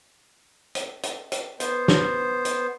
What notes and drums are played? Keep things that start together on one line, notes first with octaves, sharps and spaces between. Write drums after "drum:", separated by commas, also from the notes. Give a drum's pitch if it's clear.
drum: hi-hat
drum: hi-hat
drum: hi-hat
B3 C5, drum: hi-hat
drum: snare
drum: hi-hat